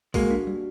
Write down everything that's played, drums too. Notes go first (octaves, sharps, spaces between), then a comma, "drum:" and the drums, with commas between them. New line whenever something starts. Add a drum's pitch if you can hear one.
G#3 A#3 F#4, drum: kick, open hi-hat
D4
G3